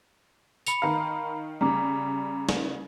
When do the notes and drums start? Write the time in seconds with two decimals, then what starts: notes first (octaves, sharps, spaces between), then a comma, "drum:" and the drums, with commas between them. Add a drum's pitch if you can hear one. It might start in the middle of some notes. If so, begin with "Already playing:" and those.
0.66 B5 C#7 F7, drum: tambourine
0.82 D#3 F5 A#5 B5
1.61 C#3 G3 A#5 D6
2.49 drum: snare